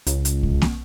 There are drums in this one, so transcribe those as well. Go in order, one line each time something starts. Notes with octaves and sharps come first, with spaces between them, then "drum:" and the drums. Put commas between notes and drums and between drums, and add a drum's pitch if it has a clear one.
C#2, drum: hi-hat
drum: hi-hat
drum: kick
drum: snare A#3